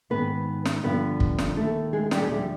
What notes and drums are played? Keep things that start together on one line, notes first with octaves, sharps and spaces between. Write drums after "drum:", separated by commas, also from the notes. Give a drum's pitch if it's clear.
G#2 D#3 B3 B4
drum: snare
G2 D3 F3 B3 B4
drum: kick
drum: snare
D#2 D#3 A3 A4
G#3 G#4
G3 G4, drum: snare
G#4
D2 D3 F3 G3 G4